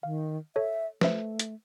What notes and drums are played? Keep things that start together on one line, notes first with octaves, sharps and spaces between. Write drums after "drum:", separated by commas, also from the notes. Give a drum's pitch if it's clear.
D#3 F5
A4 C#5 E5
A3 B4 C5 E5, drum: snare
drum: hi-hat